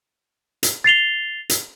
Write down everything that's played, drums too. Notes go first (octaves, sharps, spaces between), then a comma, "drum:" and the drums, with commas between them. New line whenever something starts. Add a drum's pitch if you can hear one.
drum: hi-hat
A6 C7 F7 G7
drum: hi-hat